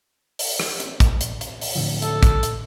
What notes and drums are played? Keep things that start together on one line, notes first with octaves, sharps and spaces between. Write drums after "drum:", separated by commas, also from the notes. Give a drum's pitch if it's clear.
drum: open hi-hat
drum: rim click
drum: hi-hat
drum: kick, hi-hat
drum: hi-hat
drum: hi-hat
drum: open hi-hat
A2 D3 F3
A4, drum: hi-hat
drum: kick, hi-hat
drum: hi-hat